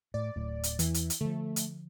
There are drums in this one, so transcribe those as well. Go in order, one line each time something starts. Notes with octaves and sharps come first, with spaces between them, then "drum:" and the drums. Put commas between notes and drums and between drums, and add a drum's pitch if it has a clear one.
A2 D5
D1 A2
drum: hi-hat
E2 E3, drum: hi-hat
drum: hi-hat
drum: hi-hat
D3 F3 A3
drum: hi-hat